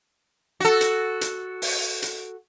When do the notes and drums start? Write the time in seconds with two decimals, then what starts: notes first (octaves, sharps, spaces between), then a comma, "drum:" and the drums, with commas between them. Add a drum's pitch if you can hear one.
0.60 F#4 A4
0.81 drum: hi-hat
1.21 drum: hi-hat
1.62 drum: open hi-hat
2.02 drum: hi-hat